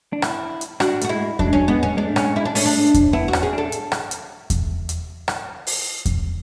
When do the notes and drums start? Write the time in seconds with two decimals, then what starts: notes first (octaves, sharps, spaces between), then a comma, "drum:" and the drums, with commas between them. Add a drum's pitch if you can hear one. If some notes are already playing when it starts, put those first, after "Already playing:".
0.13 D4
0.22 E4, drum: rim click
0.61 drum: hi-hat
0.80 D4 F#4, drum: rim click
1.01 A3, drum: hi-hat
1.04 F#4
1.09 G#3 E4
1.39 F#3 D4, drum: kick E2
1.47 G#3
1.53 F#3 C#4
1.68 G#3 B3
1.83 C#4
1.97 G#3 D4
2.07 A3
2.16 G#3 C#4, drum: rim click
2.36 E4
2.45 D4
2.55 A3 C#4, drum: open hi-hat
2.65 D4
2.94 drum: kick E2, hi-hat
3.13 B3 E4
3.28 F#4
3.33 C#4, drum: rim click
3.43 G#4
3.53 D4 A4
3.72 drum: hi-hat
3.92 drum: rim click
4.11 drum: hi-hat
4.50 drum: kick E2, hi-hat
4.89 drum: hi-hat
5.28 drum: rim click
5.67 drum: open hi-hat
6.05 drum: kick E2, hi-hat